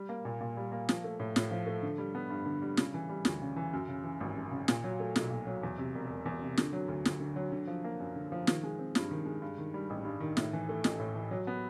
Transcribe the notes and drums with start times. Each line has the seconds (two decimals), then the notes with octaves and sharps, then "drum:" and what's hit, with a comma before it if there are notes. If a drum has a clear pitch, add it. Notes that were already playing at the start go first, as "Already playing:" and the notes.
Already playing: G3
0.09 A#3
0.25 A#2
0.41 A#2
0.57 G3
0.72 A#3
0.89 F3, drum: snare
1.04 A3
1.20 A2
1.36 A2, drum: snare
1.51 F3
1.67 A3
1.82 D3
1.98 G3
2.15 B3
2.30 G2
2.46 D3
2.62 G3
2.77 C#3, drum: snare
2.94 E3
3.09 G3
3.25 D2, drum: snare
3.42 C#3
3.56 E3
3.73 F#2
3.88 C#3
4.04 E3
4.20 G#1
4.37 F#2
4.51 C#3
4.68 A#2, drum: snare
4.84 F#3
5.00 A3
5.16 B1, drum: snare
5.30 A#2
5.47 F#3
5.63 E2
5.78 C3
5.95 E1
6.10 E1
6.26 E2
6.42 C3
6.57 D3, drum: snare
6.73 F#3
6.88 D2
7.05 D2, drum: snare
7.20 D3
7.36 F#3
7.52 D3
7.67 F3
7.84 A#3
8.00 F#2
8.15 D3
8.32 F3
8.47 D#3, drum: snare
8.63 G#3
8.79 C4
8.95 G2, drum: snare
9.11 D#3
9.26 G#3
9.42 G2
9.58 D#3
9.74 G3
9.90 A1
10.05 G2
10.20 D#3
10.37 A2, drum: snare
10.53 E3
10.69 A3
10.84 A1, drum: snare
10.99 A2
11.15 E3
11.31 F#3
11.47 B3